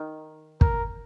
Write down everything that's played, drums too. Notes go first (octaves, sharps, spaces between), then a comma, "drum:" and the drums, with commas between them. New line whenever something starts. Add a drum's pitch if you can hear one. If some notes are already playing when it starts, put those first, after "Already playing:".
Already playing: D#3
A#4, drum: kick